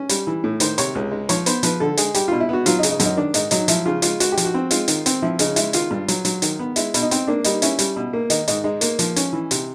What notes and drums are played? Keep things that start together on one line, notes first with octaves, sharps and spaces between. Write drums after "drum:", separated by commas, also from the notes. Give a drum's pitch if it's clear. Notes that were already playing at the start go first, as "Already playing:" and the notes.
Already playing: C#4
G3, drum: hi-hat
E3
A2
D#3 C5, drum: hi-hat
C3 C#5, drum: hi-hat
C#2
G#3
F3 C#5, drum: hi-hat
B3 C5, drum: hi-hat
F3 B4, drum: hi-hat
D3 A4
G#3 G#4, drum: hi-hat
G3 G4, drum: hi-hat
B2 F4
E4
B3 F#4
F#3 F4, drum: hi-hat
D#4
C#3, drum: hi-hat
D#4
F#2, drum: hi-hat
D#4
D#3 D4
G#2 D#4, drum: hi-hat
F#3 D#4, drum: hi-hat
F3 E4, drum: hi-hat
C#3 F4
G#3 F4, drum: hi-hat
G#3 F#4, drum: hi-hat
G4
F3, drum: hi-hat
F#4
C4
G#3 F4, drum: hi-hat
D#3, drum: hi-hat
C4, drum: hi-hat
F3 E4
C#3 D#4, drum: hi-hat
G#3 E4, drum: hi-hat
D#3 F4, drum: hi-hat
G2
F#3, drum: hi-hat
F#3, drum: hi-hat
D#3, drum: hi-hat
B3
G#3 E4, drum: hi-hat
B2, drum: hi-hat
D#4
C4, drum: hi-hat
A#3 D4
G3 D#4, drum: hi-hat
C#4 E4, drum: hi-hat
G3, drum: hi-hat
B2
A#3
D#3 D#4, drum: hi-hat
G#2 D#4, drum: hi-hat
G#3 D#4
A#3, drum: hi-hat
F3, drum: hi-hat
C#4, drum: hi-hat
E3
C3, drum: hi-hat